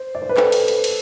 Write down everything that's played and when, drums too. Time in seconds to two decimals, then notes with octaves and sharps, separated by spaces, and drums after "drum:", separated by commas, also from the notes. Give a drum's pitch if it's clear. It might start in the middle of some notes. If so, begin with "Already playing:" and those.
Already playing: C5
0.15 D5
0.22 C5
0.29 B4
0.37 A4, drum: clap
0.52 drum: cymbal
0.68 drum: cymbal
0.84 drum: cymbal